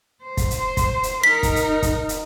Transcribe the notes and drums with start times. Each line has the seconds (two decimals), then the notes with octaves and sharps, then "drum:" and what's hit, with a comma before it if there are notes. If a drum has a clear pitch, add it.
0.24 C5
0.37 drum: kick, hi-hat
0.51 drum: hi-hat
0.77 drum: kick, hi-hat
1.03 drum: hi-hat
1.24 D#4 A#4 B6
1.43 drum: kick, hi-hat
1.56 drum: hi-hat
1.82 drum: kick, hi-hat
2.09 drum: hi-hat